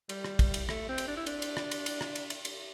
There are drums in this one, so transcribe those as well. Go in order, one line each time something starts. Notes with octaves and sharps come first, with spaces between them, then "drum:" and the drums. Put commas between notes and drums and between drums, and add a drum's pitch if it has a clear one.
G3, drum: cymbal
drum: rim click
drum: kick, cymbal
drum: cymbal
A3, drum: rim click
C4
drum: cymbal
D4
E4
D4, drum: cymbal
drum: cymbal
drum: rim click
drum: cymbal
drum: cymbal
drum: rim click
drum: cymbal
drum: cymbal
drum: cymbal